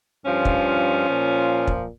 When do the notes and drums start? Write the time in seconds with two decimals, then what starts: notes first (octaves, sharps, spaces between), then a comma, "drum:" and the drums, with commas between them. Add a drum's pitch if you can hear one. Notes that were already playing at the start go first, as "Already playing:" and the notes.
0.24 G2 F3 C#4 F4
0.45 drum: kick
1.07 A#2 F3
1.67 drum: kick